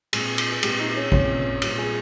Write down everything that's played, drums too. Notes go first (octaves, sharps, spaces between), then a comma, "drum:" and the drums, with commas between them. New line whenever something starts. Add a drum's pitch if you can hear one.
A#2 G#3 C4 G#4, drum: cymbal
drum: cymbal
G#4
A#2 G#3 C4 G4, drum: cymbal
D#4
D#4
C#4
A#2 G#3 C4 C#4, drum: kick G#1
A#2 G3 C4, drum: cymbal
G#4